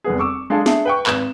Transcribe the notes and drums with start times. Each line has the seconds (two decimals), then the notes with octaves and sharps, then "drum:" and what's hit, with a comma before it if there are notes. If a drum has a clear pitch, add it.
0.04 F1 G3 B3 G#4
0.19 C#6 D6 E6
0.50 G#3 D4 F4 G#4 A4
0.66 A3 D4 G#4 A4, drum: snare
0.85 B4 G5 C#6
1.07 G#1 B4 D#6 E7, drum: clap